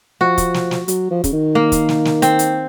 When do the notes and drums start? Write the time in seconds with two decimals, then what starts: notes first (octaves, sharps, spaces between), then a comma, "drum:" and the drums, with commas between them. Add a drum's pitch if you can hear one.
0.21 F3 F#4
0.38 drum: kick, hi-hat
0.54 drum: snare
0.71 drum: snare
0.88 F#3, drum: hi-hat
1.10 F3
1.24 C#3, drum: kick, hi-hat
1.33 D#3
1.55 A#3
1.72 drum: kick, hi-hat
1.89 drum: snare
2.05 drum: snare
2.22 C4, drum: hi-hat
2.39 drum: hi-hat